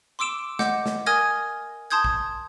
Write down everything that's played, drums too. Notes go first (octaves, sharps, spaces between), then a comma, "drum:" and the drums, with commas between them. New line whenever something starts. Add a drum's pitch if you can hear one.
C6 D6 E6 D7 E7
D#5 F#5 D6 G6, drum: snare
drum: snare
A#4 G#5 D#6 F6 G#6 A#6
A5 C6 D#6 G6 G#6
drum: kick A#1